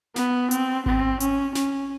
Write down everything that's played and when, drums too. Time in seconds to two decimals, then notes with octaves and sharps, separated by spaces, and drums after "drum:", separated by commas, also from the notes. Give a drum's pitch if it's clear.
0.16 B3, drum: snare
0.51 C4, drum: hi-hat
0.86 C4, drum: kick G#1
1.20 C#4, drum: hi-hat
1.55 C#4, drum: snare